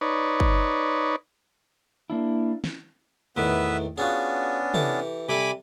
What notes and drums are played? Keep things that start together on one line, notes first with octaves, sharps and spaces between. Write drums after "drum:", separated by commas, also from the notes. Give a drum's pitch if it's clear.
D#4 B4 C#5 D5
drum: kick
A#3 D4 E4
drum: snare
E2 A2 D#3 B3 B4 E5
B3 C#4 D4 F4 F#4 G#4
E3 G4 A4, drum: tom
C3 G3 A4 G#5 B5 D6